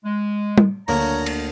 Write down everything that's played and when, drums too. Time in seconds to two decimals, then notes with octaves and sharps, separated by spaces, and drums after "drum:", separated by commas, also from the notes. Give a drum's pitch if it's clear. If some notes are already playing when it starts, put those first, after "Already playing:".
0.05 G#3
0.58 drum: tom G3
0.88 D2 A#3 A#4 C#5 A#5, drum: open hi-hat
1.26 drum: cymbal